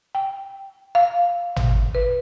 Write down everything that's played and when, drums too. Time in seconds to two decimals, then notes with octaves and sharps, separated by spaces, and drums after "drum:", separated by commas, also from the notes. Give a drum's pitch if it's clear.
0.15 G5
0.95 F5
1.56 drum: tom G#1
1.95 B4